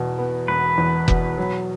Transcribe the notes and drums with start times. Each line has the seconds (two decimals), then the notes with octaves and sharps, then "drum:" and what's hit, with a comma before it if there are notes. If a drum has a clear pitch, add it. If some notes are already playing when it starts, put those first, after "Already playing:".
Already playing: E2 B2
0.18 B3
0.48 E1 B4
0.78 E2
1.08 B2, drum: kick F1
1.38 F#3